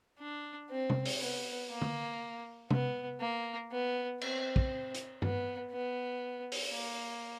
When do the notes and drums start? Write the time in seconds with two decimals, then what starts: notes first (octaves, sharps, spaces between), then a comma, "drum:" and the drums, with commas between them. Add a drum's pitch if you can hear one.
0.19 D4
0.71 C4
0.90 drum: tom
1.05 drum: open hi-hat
1.20 B3
1.70 A#3
1.82 drum: tom
2.70 B3, drum: tom
3.20 A#3
3.71 B3
4.21 C4, drum: cymbal
4.56 drum: kick
4.95 drum: hi-hat
5.22 B3, drum: tom G2
5.71 B3
6.52 drum: open hi-hat
6.72 A#3